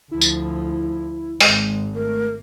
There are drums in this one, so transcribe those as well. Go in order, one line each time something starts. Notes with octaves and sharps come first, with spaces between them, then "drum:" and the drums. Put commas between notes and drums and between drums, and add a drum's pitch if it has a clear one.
D2 F3 E4
drum: tambourine
G#1 G#3, drum: open hi-hat
A3 A#4